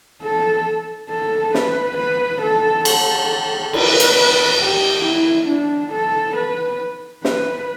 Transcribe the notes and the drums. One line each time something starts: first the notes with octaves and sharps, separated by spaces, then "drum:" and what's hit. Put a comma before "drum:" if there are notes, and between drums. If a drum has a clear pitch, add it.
A4
A4
B4, drum: snare
B4
A4
A4, drum: cymbal
B4, drum: cymbal
drum: hi-hat
G4
E4
D4
A4
B4
B4, drum: snare